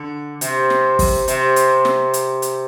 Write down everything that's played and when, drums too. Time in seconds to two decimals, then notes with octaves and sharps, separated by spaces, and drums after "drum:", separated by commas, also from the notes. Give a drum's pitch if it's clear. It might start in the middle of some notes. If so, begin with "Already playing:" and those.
Already playing: D3
0.41 C3, drum: hi-hat
0.70 drum: snare
0.99 drum: kick, open hi-hat
1.28 C3, drum: hi-hat
1.56 drum: hi-hat
1.85 drum: snare
2.14 drum: hi-hat
2.42 drum: hi-hat